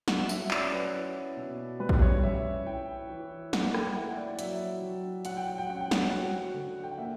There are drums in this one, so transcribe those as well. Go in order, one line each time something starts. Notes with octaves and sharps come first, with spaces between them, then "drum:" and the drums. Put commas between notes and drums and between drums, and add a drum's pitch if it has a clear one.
F#3 F#5, drum: snare
E5, drum: tambourine
C#4 D5, drum: clap
B4
E4
B2
G3 B4
drum: kick
C#5
C#4 E5
E4 G5
E3
A#3 F#5, drum: snare
G5, drum: rim click
E4 F#5
D5
F#3 E5, drum: hi-hat
F#3
F#3 F#5, drum: hi-hat
G5
F#5
G5
C#4 F#5
G5
F#5, drum: snare
F#4 F#5
D3
G5
F#5
A#3 E5